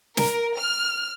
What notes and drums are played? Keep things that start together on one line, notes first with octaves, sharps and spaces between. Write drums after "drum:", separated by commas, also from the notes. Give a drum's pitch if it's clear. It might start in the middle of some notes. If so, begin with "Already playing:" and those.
A#4, drum: snare
F6